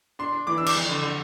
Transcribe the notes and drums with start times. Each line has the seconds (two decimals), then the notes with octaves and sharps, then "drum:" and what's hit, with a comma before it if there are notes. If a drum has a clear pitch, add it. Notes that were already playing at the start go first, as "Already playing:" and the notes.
0.19 D4 C6
0.32 D4
0.47 E3 D6
0.58 D4 E6
0.66 D6, drum: cymbal
0.76 F2
0.89 D3
1.02 D3